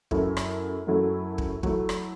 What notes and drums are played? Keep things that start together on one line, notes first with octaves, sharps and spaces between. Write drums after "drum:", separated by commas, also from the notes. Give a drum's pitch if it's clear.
F#2 F#3 A3 E4 A4, drum: kick
drum: rim click
F#2 F#3 A3 E4 A4
drum: kick
F#3 A3 E4, drum: kick
drum: rim click